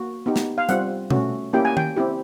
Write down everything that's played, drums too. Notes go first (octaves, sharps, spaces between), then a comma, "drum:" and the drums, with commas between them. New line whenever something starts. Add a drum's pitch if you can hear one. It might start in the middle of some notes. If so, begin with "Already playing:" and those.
Already playing: A#3 F#4
B3 D#4 G4
drum: snare
F5
G3 C4 F4 F#5, drum: hi-hat
A3 C#4 F#4, drum: tom B2
A#3 C#4 E4 G4 G5
G#5
G5, drum: tom D#3
C4 E4 G4